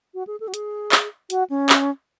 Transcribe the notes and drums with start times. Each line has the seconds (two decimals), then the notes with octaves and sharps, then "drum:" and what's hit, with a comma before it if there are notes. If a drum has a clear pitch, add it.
0.14 F#4
0.27 G#4
0.40 A4
0.48 F#4
0.54 G#4, drum: hi-hat
0.92 drum: clap
1.30 F#4, drum: hi-hat
1.50 C#4
1.69 drum: clap